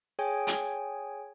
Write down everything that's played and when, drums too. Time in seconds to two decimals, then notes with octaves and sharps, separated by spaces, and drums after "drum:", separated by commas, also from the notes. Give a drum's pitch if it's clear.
0.19 G#4 C#5 G5 G#5
0.47 drum: hi-hat